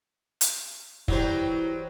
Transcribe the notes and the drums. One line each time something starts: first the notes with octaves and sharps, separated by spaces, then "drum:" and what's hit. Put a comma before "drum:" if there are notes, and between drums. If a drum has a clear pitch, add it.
drum: hi-hat
E3 F#3 G3 C5, drum: kick